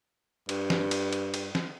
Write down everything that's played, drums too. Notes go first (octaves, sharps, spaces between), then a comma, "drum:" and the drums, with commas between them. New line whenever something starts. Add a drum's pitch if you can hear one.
G2, drum: cymbal
drum: snare
drum: cymbal
drum: cymbal
drum: cymbal
drum: snare